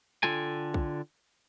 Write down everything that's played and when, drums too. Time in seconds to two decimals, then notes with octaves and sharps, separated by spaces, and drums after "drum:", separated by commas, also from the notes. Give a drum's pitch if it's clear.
0.23 D3 F4 A4 G5 G#5
0.74 drum: kick